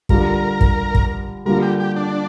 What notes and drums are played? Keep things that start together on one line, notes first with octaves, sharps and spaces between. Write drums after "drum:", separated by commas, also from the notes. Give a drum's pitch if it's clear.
D3 G3 D4 F4 A#4, drum: kick
drum: kick
drum: kick
D3 G3 A#3 D4 F4 A#4
G4
G4
D4